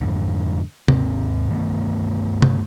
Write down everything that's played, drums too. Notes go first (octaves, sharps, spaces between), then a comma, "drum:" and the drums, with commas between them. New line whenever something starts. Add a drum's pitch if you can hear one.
F2 G#2 D3
D#2 G#2 C3 C4, drum: tom
G2 D#3 A3 B3
drum: tom